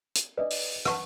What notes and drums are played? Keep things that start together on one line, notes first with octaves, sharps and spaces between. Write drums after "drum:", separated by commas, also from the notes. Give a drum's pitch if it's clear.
drum: hi-hat
D4 B4 D5 D#5
drum: open hi-hat
B4 F#5 A5 C#6, drum: rim click